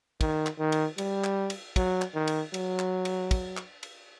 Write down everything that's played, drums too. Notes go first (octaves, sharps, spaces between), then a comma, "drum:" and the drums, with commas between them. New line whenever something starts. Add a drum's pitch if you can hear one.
D#3, drum: kick, cymbal
drum: clap
D#3
drum: cymbal
G3, drum: cymbal
drum: clap
drum: cymbal
F#3, drum: kick, cymbal
drum: clap
D#3
drum: cymbal
F#3, drum: cymbal
drum: clap
drum: cymbal
drum: kick, cymbal
drum: clap
drum: cymbal